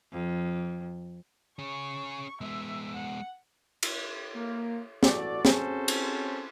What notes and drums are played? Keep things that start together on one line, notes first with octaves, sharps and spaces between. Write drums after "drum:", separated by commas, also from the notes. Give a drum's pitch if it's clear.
F2
C#4 G#4 C#6
G#3 B3 E5
F#5
drum: cymbal
A#3
A1 F#4 A4 D5, drum: snare
C4 C#4 F#4 G#4 A4 C5, drum: snare
drum: cymbal